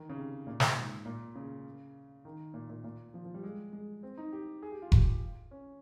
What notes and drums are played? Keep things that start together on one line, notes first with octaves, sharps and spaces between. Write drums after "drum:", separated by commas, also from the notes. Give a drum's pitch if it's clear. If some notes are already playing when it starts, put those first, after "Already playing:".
Already playing: D#3
C#3
C3
A#2
drum: snare
G#2
A#2
C#3
D#3
A#2
A#2
A#2
F3
F3
G3
G#3
G#3
C4
D#4
G4
G#4
G4
F4
G4, drum: kick F1
C#4